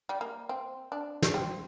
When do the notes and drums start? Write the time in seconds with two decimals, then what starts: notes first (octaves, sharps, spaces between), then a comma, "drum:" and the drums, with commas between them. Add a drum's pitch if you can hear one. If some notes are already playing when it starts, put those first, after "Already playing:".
0.09 G3
0.21 A#3
0.49 C4
0.92 D4
1.22 drum: snare
1.34 C4